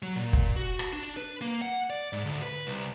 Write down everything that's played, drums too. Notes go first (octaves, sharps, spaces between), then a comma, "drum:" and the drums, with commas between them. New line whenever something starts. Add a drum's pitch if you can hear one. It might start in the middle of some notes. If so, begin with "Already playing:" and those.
F#3
A#2
drum: kick
F#4
drum: rim click
D4
B4
A#3
F#5
D5
G#2
D2
B4
C2